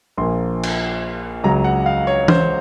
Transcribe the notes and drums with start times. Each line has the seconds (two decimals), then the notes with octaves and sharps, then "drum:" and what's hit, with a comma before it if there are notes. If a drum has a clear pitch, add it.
0.18 A#1 A#2 F3 A#3 C6
0.63 drum: cymbal
1.43 C#2 C#3 F#3 A#5
1.64 F#5
1.86 F5
2.07 C#5
2.28 C5, drum: tom E3